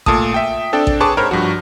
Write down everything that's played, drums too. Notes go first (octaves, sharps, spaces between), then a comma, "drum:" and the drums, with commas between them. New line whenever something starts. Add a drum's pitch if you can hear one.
A#2 A3 A5 D#6, drum: kick A1
E5 G5
C4 D4 A4 D5 G5
drum: kick A1
G#4 B4 C#5 A5 C#6 D6
G#2 A#4 C5 C#5 B5 F6
G2 F3 F#4